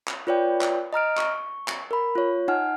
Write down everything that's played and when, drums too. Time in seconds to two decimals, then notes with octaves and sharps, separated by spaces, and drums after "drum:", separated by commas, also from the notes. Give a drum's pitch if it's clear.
0.08 drum: clap
0.27 F4 B4 C#5 D5 G5
0.61 drum: clap
0.93 D#5 A#5 F6 D7
1.17 C#6, drum: clap
1.68 drum: clap
1.91 A#4 B5
2.15 F4 C#5
2.48 D#4 F#5 G#5 F6